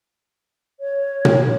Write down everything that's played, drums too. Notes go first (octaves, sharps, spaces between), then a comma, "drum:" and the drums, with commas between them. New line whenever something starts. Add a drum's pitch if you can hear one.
C#5
drum: tom A#2